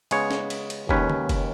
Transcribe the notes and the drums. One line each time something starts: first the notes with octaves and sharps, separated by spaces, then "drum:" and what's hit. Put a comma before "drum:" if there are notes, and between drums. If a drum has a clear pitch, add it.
C#3 G#3 B3 G#4 C#5, drum: cymbal
drum: snare
drum: cymbal
drum: cymbal
D#2 D#3 G#3 C#4 B4, drum: kick
drum: tom C#3
drum: kick, cymbal